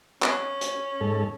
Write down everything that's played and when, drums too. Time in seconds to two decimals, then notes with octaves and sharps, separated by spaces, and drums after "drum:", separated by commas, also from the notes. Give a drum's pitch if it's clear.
0.22 C#4, drum: clap
0.61 drum: hi-hat
1.01 G#2 A4